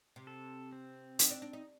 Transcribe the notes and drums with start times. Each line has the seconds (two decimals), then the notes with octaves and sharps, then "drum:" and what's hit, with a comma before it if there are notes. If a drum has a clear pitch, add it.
0.16 C3
0.27 A4
0.73 C4
1.19 D#3, drum: hi-hat
1.30 D4
1.42 D4
1.53 D#4